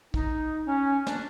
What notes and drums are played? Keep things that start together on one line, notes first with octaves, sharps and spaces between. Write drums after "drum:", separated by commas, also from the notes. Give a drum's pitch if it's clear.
D#4, drum: kick
C#4
D4, drum: snare